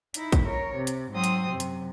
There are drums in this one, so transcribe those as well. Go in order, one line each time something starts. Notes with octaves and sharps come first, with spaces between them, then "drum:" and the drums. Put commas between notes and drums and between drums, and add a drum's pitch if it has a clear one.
D#4 E4, drum: hi-hat
drum: kick, hi-hat
A#4 C#5
C3
drum: hi-hat
G#2 F#3 C4 C6 D#6
drum: hi-hat
F#2 C3
drum: hi-hat